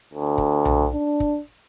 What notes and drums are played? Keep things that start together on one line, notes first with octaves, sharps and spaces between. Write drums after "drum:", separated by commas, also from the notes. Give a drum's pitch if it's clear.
D2
drum: kick
drum: tom B1
D4
drum: kick